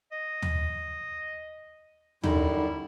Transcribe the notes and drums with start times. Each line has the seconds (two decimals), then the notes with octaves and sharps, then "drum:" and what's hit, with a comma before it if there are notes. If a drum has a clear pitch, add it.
0.12 D#5
0.42 drum: tom
2.24 F#2 D3 G3 D#4 E4, drum: tom